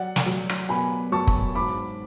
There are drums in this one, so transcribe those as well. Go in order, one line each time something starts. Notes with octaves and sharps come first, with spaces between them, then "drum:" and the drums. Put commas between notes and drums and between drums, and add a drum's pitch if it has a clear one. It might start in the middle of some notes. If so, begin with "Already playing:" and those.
Already playing: F#3 D5 F#5
drum: snare
F#3
drum: rim click
B2 G#5 B5
F#3 A5 C#6
drum: kick
G#2 B5 D6